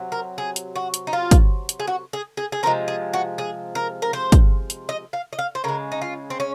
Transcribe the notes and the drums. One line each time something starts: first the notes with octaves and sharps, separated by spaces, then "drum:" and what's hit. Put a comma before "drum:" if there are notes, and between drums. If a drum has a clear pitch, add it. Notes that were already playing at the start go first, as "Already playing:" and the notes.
Already playing: C3 F#3
A#4
G#4
drum: hi-hat
F#4
drum: hi-hat
D#4
F4
drum: kick, hi-hat
drum: hi-hat
G#4
F#4
G#4
G#4
G#4
C3 F3 G#3 A#4
G#4
F#4
G#4
A#4
A#4
C5
drum: kick, hi-hat
drum: hi-hat
D#5
F5
D#5
F5
C5
C#3 G#3 A#4
D#4
F4
C4
C#4